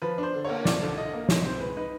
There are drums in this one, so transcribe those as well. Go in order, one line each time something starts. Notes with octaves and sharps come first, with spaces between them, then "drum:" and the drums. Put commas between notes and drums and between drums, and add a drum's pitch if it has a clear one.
F3 B4
D4 C5
D3
C#5, drum: cymbal
A#3
F3 D5, drum: snare
D3
D3 D#5
A#3
D#4 C#5, drum: snare
C4 C5
G#3 B4
D#4 B4